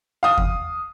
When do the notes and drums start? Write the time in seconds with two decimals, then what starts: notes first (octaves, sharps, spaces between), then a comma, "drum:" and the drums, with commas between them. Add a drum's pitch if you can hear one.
0.23 F5 D#6
0.38 drum: kick E2